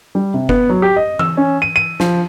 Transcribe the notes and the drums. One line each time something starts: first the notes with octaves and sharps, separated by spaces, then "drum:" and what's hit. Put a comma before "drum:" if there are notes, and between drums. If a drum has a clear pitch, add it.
G3
C3
B3, drum: kick F#1
F#3
G4
D#5
E6, drum: tom E3
C#4
D#7
D#7
F3, drum: snare